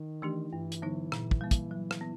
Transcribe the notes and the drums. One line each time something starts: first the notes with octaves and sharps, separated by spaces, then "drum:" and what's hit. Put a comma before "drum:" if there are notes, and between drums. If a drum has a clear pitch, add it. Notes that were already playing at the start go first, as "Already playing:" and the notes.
Already playing: D#3
E3 A3 D4 G4
G2 E3
drum: hi-hat
D3 F#3 B3 D#4
A#2, drum: rim click
drum: kick
G3 A#3
drum: kick, hi-hat
F#3
drum: rim click
B3